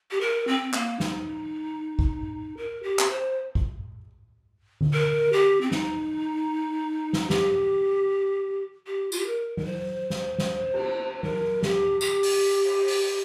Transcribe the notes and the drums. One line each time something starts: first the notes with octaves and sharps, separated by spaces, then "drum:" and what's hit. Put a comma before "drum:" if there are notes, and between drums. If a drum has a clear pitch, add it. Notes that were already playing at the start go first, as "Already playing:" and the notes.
G4
A#4
C4
A#3, drum: clap
D#4, drum: snare
drum: kick
A#4
G4
drum: clap
C5
drum: kick
drum: tom D3
A#4
G4
C4
D#4, drum: snare
drum: snare
G4, drum: snare
G4
F4, drum: tambourine
G4
A#4
A#4, drum: tom F#3
C5
drum: snare
drum: snare
drum: cymbal
A#4, drum: tom F#3
G4, drum: snare
G4, drum: tambourine
drum: open hi-hat
drum: cymbal
drum: open hi-hat